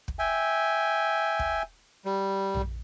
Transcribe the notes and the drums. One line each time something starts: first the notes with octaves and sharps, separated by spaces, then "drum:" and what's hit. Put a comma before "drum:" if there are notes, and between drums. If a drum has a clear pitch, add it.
drum: kick
E5 G5 G#5
drum: kick
G3
drum: tom A#1